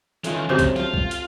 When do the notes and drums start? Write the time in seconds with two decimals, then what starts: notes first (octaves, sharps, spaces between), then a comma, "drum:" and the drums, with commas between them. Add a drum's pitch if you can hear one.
0.24 D#3 E3 A3 C#4 F4, drum: hi-hat
0.49 D2 C#3 F#3 C4 G4 C5 C6
0.59 drum: kick C2, hi-hat
0.76 F4 G5 A5, drum: snare
0.94 drum: kick C2
1.11 drum: hi-hat